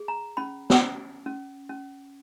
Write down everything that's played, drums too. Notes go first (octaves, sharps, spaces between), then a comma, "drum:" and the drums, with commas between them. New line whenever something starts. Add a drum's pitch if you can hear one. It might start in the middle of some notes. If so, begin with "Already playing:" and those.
Already playing: G#4
A#5
C#4 B5
drum: snare
C#4
C#4
C#4